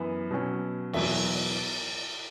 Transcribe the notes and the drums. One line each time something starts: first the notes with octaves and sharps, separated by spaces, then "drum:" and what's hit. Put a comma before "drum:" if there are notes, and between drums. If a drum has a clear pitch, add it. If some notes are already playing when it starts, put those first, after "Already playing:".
Already playing: F#2 E3 B3
B2 F#3 C#4
E2 B2 F#3 E5, drum: cymbal